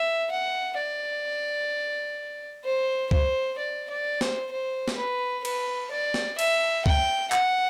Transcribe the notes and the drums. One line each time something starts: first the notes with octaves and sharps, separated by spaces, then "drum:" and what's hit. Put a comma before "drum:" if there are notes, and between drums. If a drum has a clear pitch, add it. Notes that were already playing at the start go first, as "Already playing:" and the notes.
Already playing: E5
F#5
D5
C5
C5, drum: kick
D5
D5
C5, drum: snare
C5
drum: snare
B4
B4, drum: cymbal
D5
drum: snare
E5, drum: cymbal
G5, drum: kick
F#5, drum: clap